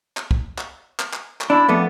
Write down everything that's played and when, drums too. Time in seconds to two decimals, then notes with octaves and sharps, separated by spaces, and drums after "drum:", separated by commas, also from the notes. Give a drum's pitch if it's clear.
0.17 drum: clap
0.31 drum: kick
0.58 drum: clap
1.00 drum: clap
1.13 drum: clap
1.41 drum: clap
1.50 D4 E4
1.68 F2 A3 B3 D4